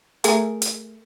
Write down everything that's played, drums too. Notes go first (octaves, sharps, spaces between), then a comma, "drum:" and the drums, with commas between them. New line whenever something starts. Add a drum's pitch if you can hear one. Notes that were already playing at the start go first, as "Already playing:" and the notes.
A3 G#4 A#4, drum: hi-hat
drum: hi-hat